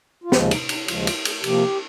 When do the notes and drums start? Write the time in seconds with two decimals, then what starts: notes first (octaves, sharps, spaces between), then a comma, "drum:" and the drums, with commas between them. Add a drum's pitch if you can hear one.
0.24 F4
0.32 D#2 C#3 F3 G#3 G4, drum: snare
0.51 D#4, drum: cymbal
0.69 D#4, drum: cymbal
0.88 D#2 C#3 F3 G#3 F4, drum: cymbal
1.07 F4, drum: cymbal
1.25 G#4, drum: cymbal
1.44 C3 F3 A#3 G4, drum: cymbal